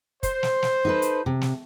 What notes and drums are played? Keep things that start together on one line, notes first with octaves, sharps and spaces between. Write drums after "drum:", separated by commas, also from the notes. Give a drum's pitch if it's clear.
C5, drum: kick, hi-hat
drum: snare
drum: snare
D#4 A4 B4
drum: hi-hat
C3
drum: snare